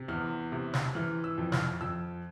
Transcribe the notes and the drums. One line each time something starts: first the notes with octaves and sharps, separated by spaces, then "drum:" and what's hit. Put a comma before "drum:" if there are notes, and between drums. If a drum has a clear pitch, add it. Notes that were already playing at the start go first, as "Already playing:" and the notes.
Already playing: C3
E2 F6
C3
drum: snare
E3 F6
E6
F2
F6, drum: snare
F2 E6